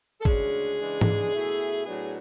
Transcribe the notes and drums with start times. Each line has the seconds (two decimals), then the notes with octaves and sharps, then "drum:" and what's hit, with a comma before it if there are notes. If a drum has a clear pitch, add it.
0.21 A4
0.25 D2 C#3 G#3 D4 G#4, drum: kick
0.79 C#3 E3 G#3 D4
1.01 drum: tom G#2
1.32 B2 A3 E4
1.86 A2 F#3 B3 D4 G#4